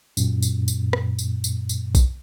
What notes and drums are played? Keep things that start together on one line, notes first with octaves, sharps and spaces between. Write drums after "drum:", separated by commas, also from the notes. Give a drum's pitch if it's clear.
F#2 A#2, drum: tambourine
drum: tambourine
drum: tambourine
drum: rim click
drum: tambourine
drum: tambourine
drum: tambourine
drum: kick, tambourine